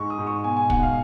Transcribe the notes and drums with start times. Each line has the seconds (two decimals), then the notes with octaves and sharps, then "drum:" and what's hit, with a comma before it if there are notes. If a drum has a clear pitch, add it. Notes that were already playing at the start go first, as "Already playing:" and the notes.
Already playing: G#2 G#3 C#6
0.10 D#6
0.19 G#2
0.27 C#6
0.44 B2 G#5
0.57 G#5
0.70 B2 F#5, drum: kick
0.83 F5